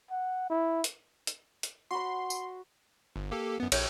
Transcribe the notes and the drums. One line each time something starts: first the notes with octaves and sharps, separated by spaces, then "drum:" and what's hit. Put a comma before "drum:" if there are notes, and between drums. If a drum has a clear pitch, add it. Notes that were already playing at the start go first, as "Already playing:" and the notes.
F#5
E4
drum: hi-hat
drum: hi-hat
drum: hi-hat
F#4 B5 C6
drum: tambourine
G1
A#3 G4 A4
F#2 B3
A#1 C#5 G6, drum: cymbal